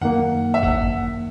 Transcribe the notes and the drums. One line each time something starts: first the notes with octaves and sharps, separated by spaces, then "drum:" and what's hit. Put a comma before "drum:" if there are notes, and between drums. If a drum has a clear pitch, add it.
F#2 D#3 A#3 F#5
E5
F#5, drum: kick F#1